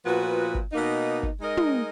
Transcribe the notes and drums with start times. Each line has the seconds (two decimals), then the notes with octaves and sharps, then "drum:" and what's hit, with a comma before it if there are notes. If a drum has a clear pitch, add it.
0.04 A#2 F3 B3 F#4 B4
0.55 drum: kick
0.72 B2 A#3 D#4
1.23 drum: kick
1.40 G#3 D#4 A#4 D#5
1.57 drum: tom